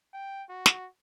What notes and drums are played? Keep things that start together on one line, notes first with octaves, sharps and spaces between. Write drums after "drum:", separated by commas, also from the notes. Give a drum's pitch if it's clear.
G5
F#4
drum: snare